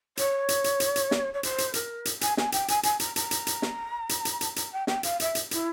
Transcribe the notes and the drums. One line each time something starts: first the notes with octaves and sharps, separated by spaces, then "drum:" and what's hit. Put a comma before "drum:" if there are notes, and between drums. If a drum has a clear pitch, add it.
C#5, drum: hi-hat
drum: hi-hat
drum: hi-hat
drum: hi-hat
drum: hi-hat
drum: snare
C#5
C5, drum: hi-hat
drum: hi-hat
A#4, drum: hi-hat
drum: hi-hat
G#5, drum: hi-hat
G#5, drum: snare
G5, drum: hi-hat
G#5, drum: hi-hat
G#5, drum: hi-hat
A#5, drum: hi-hat
A#5, drum: hi-hat
drum: hi-hat
drum: hi-hat
drum: snare
drum: hi-hat
drum: hi-hat
drum: hi-hat
A#5, drum: hi-hat
G5
G5, drum: snare
F5, drum: hi-hat
E5, drum: hi-hat
drum: hi-hat
E4, drum: hi-hat